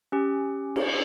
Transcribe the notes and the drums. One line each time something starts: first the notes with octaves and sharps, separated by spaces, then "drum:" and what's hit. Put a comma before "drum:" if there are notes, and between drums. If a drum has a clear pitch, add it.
C#4 G4
drum: cymbal